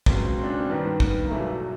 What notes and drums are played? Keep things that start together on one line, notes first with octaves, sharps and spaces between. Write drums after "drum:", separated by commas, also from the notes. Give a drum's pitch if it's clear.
C#2 B2 F#3 C4, drum: kick
C4
C4
D4
C#4
C4
G2 D#3 G3 B3
B3
B3, drum: kick
A#3
E2 B2 F#3 A3
A3